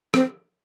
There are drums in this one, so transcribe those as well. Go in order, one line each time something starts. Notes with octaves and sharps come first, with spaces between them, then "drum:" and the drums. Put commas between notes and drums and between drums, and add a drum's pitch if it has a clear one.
C4, drum: rim click